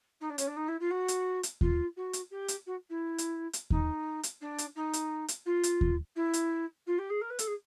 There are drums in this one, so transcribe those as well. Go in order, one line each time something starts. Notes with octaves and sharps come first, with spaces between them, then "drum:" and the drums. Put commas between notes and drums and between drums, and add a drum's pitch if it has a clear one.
D#4
D4
C#4, drum: hi-hat
D4
D#4
E4
F4
F#4
drum: hi-hat
drum: hi-hat
F4, drum: kick D#2
F#4
drum: hi-hat
G4
drum: hi-hat
F#4
E4
drum: hi-hat
drum: hi-hat
D#4, drum: kick D#2
drum: hi-hat
D4
drum: hi-hat
D#4
drum: hi-hat
drum: hi-hat
F4
drum: hi-hat
drum: kick D#2
E4
drum: hi-hat
F4
G4
G#4
A#4
B4
A4, drum: hi-hat
G#4